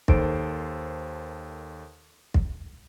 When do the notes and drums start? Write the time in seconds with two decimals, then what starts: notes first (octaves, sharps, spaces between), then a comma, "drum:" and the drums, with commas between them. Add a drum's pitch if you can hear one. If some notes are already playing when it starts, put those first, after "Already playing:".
0.08 D#2 D#3 A4 C5 D7, drum: kick
2.34 drum: kick